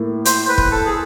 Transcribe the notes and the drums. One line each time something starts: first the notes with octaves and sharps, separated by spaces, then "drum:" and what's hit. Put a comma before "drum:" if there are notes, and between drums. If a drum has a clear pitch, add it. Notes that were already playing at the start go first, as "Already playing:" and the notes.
Already playing: A2 A#3
C5, drum: hi-hat
B4
drum: kick
A4
G#4